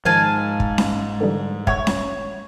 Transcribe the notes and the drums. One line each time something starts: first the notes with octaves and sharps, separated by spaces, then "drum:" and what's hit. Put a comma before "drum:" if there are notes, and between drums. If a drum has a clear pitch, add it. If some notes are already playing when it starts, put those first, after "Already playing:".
G#2 D#3 F3 F5 G#5 A5
drum: kick
drum: snare C#4
D3 E3 G3
C#5 E5 F#5 C#6, drum: kick
drum: snare C#4